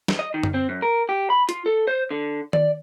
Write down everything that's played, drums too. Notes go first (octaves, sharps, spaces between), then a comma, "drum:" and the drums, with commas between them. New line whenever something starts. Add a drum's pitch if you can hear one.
drum: snare
D#5
D#3
drum: tom F#2
C4
F#2
A#4
G4
B5
F4, drum: hi-hat
A4
C5
D3
D5, drum: tom D#3